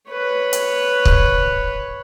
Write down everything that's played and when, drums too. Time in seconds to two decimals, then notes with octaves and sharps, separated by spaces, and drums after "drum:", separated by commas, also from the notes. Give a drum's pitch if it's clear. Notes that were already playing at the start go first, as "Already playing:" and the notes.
0.11 B4 C#5
0.53 drum: hi-hat
1.05 drum: kick